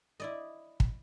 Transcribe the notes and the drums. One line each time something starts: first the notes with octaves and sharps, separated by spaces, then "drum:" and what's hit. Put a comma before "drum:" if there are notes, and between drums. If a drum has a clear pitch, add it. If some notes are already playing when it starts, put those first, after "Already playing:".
E4 D5 D#5
drum: kick